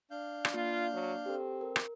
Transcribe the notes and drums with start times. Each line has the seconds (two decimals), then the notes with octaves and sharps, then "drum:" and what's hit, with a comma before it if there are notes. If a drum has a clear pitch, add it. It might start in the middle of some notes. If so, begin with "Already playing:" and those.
0.11 D4 F5 G6
0.45 drum: rim click
0.54 A#3 F4
0.94 F#3
1.26 C4 G4 A4
1.61 A#4
1.76 drum: rim click